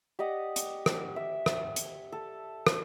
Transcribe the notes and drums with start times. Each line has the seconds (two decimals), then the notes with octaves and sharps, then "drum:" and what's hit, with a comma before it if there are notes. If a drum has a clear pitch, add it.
0.19 G4 D5 D#5 F#5
0.56 drum: hi-hat
0.86 drum: rim click
1.16 E5
1.46 drum: rim click
1.76 drum: hi-hat
2.12 A4
2.67 drum: rim click